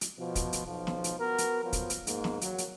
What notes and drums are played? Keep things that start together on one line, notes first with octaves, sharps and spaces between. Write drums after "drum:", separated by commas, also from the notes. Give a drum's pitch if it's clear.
drum: hi-hat
B2 F3
drum: kick, hi-hat
drum: hi-hat
B1 F3
drum: snare
drum: hi-hat
B3 F#4 A#4
drum: hi-hat
F3 F#3 B3
drum: kick, hi-hat
drum: hi-hat
G#2 A#3, drum: hi-hat
drum: snare
F#3, drum: hi-hat
drum: hi-hat